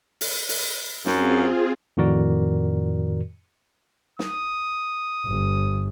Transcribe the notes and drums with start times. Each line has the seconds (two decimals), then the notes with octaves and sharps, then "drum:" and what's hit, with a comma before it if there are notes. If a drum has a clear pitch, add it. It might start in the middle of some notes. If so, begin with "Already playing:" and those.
0.21 drum: open hi-hat
0.49 drum: open hi-hat
1.06 F#2 C4 F4 G#4, drum: snare
1.97 F2 A2 D#3 F#4 A#4 D5
4.19 D#6, drum: snare
5.25 G1